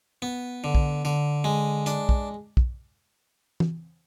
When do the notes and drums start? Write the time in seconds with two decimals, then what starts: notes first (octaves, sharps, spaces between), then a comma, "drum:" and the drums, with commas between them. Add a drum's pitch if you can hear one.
0.22 B3
0.64 D3
0.75 drum: kick
1.05 D3, drum: tambourine
1.44 G#3
1.86 D4, drum: hi-hat
2.09 drum: kick
2.57 drum: kick
3.60 drum: tom E3